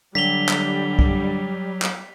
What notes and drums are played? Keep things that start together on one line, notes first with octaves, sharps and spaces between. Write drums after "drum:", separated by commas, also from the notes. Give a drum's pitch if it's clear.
D3 F#3 G3 B6 F7 G7
drum: clap
drum: kick B1
drum: clap